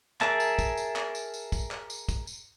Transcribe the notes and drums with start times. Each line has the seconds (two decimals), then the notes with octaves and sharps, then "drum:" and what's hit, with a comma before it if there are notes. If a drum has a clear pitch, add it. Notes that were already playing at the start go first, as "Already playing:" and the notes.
0.21 G#4 A#4 E5 A5, drum: clap
0.40 drum: tambourine
0.59 drum: kick, tambourine
0.77 drum: tambourine
0.96 drum: clap
1.15 drum: tambourine
1.34 drum: tambourine
1.52 drum: kick, tambourine
1.71 drum: clap
1.90 drum: tambourine
2.09 drum: kick, tambourine
2.27 drum: tambourine